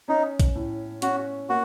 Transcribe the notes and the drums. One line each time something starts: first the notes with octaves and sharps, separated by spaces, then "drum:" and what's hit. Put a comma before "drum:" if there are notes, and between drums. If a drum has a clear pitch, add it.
C#4 D#4
drum: kick, hi-hat
A2
C#4 F#4, drum: hi-hat
A#3 F#4